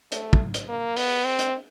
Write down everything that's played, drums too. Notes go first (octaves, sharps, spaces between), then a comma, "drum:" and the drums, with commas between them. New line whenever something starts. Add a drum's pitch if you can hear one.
A3, drum: hi-hat
drum: kick
drum: hi-hat
A#3
B3, drum: open hi-hat
C4
drum: hi-hat